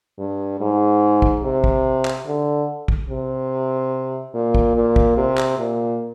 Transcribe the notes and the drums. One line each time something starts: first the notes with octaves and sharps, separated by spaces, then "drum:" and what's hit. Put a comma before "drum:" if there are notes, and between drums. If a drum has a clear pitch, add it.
G2
G#2
drum: kick
C3
drum: kick
drum: clap
D3
drum: kick
C3
A#2
drum: kick
A#2
drum: kick
C3
drum: clap
A#2